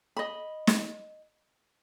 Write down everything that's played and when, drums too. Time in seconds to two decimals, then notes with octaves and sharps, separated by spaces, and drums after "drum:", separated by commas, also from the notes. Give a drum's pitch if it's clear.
0.17 D#5 B5
0.67 drum: snare